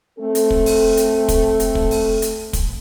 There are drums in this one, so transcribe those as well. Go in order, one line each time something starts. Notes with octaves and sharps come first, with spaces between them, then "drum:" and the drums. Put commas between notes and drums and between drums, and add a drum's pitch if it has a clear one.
A3 C4 A4
drum: hi-hat
drum: kick
drum: open hi-hat
drum: hi-hat
drum: kick, hi-hat
drum: hi-hat
drum: kick
drum: open hi-hat
drum: hi-hat
drum: kick, hi-hat